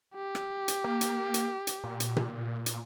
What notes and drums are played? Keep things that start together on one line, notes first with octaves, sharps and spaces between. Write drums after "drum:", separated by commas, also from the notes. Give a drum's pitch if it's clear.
G4
drum: rim click
drum: hi-hat
A#3
drum: hi-hat
drum: hi-hat
drum: hi-hat
A#2
drum: hi-hat
drum: tom B2
drum: hi-hat